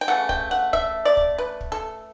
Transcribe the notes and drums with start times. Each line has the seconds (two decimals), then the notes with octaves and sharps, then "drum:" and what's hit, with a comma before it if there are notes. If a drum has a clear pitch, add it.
0.01 G5
0.08 C#3 E3 A3 F#5
0.29 G5, drum: kick
0.51 F#5
0.73 E5, drum: kick
1.05 D5
1.17 drum: kick
1.38 B4
1.61 drum: kick
1.72 A4